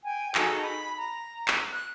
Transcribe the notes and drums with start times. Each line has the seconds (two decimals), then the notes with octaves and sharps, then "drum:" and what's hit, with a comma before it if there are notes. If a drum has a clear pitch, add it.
0.04 G5 G#5
0.35 D#4 F#4 G#4 A4, drum: clap
0.61 B5
0.97 A#5
1.48 drum: clap
1.72 F#6